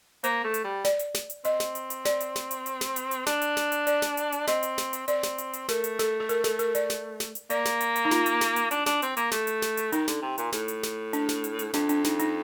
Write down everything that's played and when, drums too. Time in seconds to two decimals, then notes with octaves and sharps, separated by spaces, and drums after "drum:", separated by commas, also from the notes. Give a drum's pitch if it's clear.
0.24 A#3 C5, drum: hi-hat
0.44 A3
0.54 drum: hi-hat
0.64 G3
0.85 D5, drum: snare
0.99 drum: hi-hat
1.14 drum: snare
1.30 drum: hi-hat
1.45 C4 D#5, drum: hi-hat
1.60 drum: snare
1.75 drum: hi-hat
1.90 drum: hi-hat
2.05 D5, drum: snare
2.20 drum: hi-hat
2.36 drum: snare
2.51 drum: hi-hat
2.66 drum: hi-hat
2.81 drum: snare
2.96 drum: hi-hat
3.11 drum: hi-hat
3.26 D4, drum: snare
3.42 drum: hi-hat
3.57 drum: snare
3.72 drum: hi-hat
3.87 D5, drum: hi-hat
4.02 drum: snare
4.17 drum: hi-hat
4.32 drum: hi-hat
4.47 C4 D#5, drum: snare
4.63 drum: hi-hat
4.78 drum: snare
4.93 drum: hi-hat
5.08 C4 D5, drum: hi-hat
5.23 drum: snare
5.38 drum: hi-hat
5.53 drum: hi-hat
5.69 A3 A#4, drum: snare
5.84 drum: hi-hat
5.99 A4, drum: snare
6.20 A4
6.29 A#4, drum: hi-hat
6.44 A4, drum: snare
6.59 A#4, drum: hi-hat
6.75 D5, drum: hi-hat
6.90 drum: snare
7.20 drum: snare
7.35 drum: hi-hat
7.50 A#3 D5, drum: hi-hat
7.65 drum: snare
7.81 drum: hi-hat
7.96 drum: hi-hat
8.05 D#4
8.11 F4, drum: snare
8.26 drum: hi-hat
8.41 drum: snare
8.56 drum: hi-hat
8.71 D4, drum: hi-hat
8.86 D4, drum: snare
9.02 C4, drum: hi-hat
9.17 A#3, drum: hi-hat
9.31 A3, drum: snare
9.47 drum: hi-hat
9.62 drum: snare
9.77 drum: hi-hat
9.92 D#3 D#4, drum: hi-hat
10.08 D3, drum: snare
10.22 C3
10.38 A#2, drum: hi-hat
10.52 A2, drum: snare
10.68 drum: hi-hat
10.83 drum: snare
11.13 D4, drum: hi-hat
11.29 drum: snare
11.44 drum: hi-hat
11.59 drum: hi-hat
11.73 F2 D4, drum: snare
11.89 D4, drum: hi-hat
12.04 D#4, drum: snare
12.19 D#4, drum: hi-hat